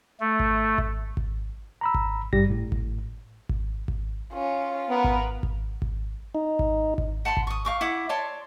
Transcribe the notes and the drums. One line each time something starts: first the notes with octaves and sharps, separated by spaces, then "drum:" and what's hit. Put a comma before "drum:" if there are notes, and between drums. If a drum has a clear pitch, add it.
A3
drum: kick G#1
drum: kick G#1
drum: kick G#1
A#5 B5 E6
drum: kick G#1
G2 G3 G4 A#6, drum: kick G#1
A2
drum: kick G#1
drum: kick G#1
drum: kick G#1
C#4 F4
B3 A#4 B4
drum: kick G#1
drum: kick G#1
drum: kick G#1
D#4
drum: kick G#1
drum: kick G#1
F#5 A5 B5 C6
drum: kick G#1
C#6 D#6
F5 C#6 D6
E4 F#5 D6
C#5 D5 A5 C6